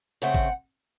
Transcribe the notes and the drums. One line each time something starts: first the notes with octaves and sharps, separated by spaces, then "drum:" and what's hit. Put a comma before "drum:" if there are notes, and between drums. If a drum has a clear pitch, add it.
C#3 A3 C4 F#5
drum: kick